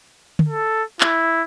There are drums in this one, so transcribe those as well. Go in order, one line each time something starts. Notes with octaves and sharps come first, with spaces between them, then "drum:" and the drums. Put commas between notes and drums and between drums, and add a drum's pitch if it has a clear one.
drum: tom
A4
E4, drum: clap